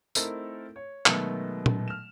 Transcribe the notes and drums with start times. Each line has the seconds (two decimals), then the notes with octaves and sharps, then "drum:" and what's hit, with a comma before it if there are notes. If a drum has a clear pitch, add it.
0.15 A3 C4 D#4 E4 A4 A#4, drum: tambourine
0.76 C#5
1.06 B2 D#3 F#3 G#3 A3 B3, drum: clap
1.66 drum: tom A#2
1.88 F6 E7